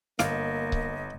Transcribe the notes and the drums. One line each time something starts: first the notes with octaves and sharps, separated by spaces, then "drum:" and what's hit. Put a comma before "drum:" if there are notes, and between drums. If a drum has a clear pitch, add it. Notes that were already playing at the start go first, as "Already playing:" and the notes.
G1 A#3 D#5 F5 D6, drum: snare
drum: kick C#1